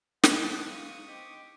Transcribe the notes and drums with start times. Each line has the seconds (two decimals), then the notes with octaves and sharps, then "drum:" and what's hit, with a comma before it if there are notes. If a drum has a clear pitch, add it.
0.23 B4 C5 D#5 F#5 A5, drum: snare
0.66 F4 C#6 D#6
1.07 C4 G4 D#5